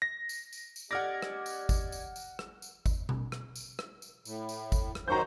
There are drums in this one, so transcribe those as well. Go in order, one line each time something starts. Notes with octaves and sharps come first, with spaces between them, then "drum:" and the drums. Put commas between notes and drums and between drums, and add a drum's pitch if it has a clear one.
A#6
drum: tambourine
drum: tambourine
drum: tambourine
G#3 C#4 G4 D5 F#5 F6 G#6 A#6
drum: rim click
drum: tambourine
drum: kick G#1, tambourine
drum: tambourine
drum: tambourine
drum: rim click
drum: tambourine
drum: kick G#1, tambourine
drum: tom B2
drum: rim click
drum: tambourine
drum: rim click
drum: tambourine
A2, drum: tambourine
drum: tambourine
drum: kick G#1, tambourine
drum: rim click
D#3 F#3 C5 A#5 C#6 G6